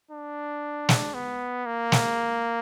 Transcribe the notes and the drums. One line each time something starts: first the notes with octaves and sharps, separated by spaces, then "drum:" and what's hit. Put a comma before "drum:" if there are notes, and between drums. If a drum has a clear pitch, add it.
D4
drum: snare
B3
A#3
drum: snare